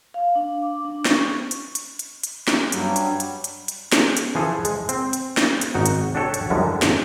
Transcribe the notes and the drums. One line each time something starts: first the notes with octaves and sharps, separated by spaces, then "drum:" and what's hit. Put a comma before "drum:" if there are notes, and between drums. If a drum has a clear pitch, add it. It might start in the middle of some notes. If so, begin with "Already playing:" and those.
F5
D4
D6
D4
C#6, drum: snare
C#6
drum: hi-hat
drum: hi-hat
drum: hi-hat
drum: hi-hat
drum: snare
G2 F#3 G3, drum: hi-hat
drum: hi-hat
drum: hi-hat
drum: hi-hat
drum: hi-hat
drum: snare
drum: hi-hat
E3 F3 G#4 A4
G#3, drum: hi-hat
C4, drum: hi-hat
drum: hi-hat
drum: snare
drum: hi-hat
G#1 D#4 F#4
drum: hi-hat
D4 F#4 G4 A4 C#5
drum: hi-hat
F#2 D3 E3 F3 G3 G#3
drum: snare